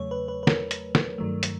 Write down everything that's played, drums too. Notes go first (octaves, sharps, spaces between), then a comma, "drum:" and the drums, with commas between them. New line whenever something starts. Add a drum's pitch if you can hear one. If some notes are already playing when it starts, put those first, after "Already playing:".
Already playing: E2 C#3 F#3 A3 C#5
B4
B4
B4
A#4, drum: snare
drum: hi-hat
drum: snare
G2 D#3 F#3 A3
drum: hi-hat